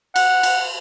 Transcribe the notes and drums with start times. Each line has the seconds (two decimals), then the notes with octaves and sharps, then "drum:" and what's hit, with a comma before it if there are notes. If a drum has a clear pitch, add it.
0.16 F#5, drum: cymbal
0.43 drum: cymbal